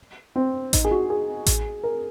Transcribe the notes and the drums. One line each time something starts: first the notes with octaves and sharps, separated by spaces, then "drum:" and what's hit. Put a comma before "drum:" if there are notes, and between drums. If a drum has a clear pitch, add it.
C4
D#4, drum: kick A1, hi-hat
G#4
F#4
G#4
drum: kick A1, hi-hat
A#4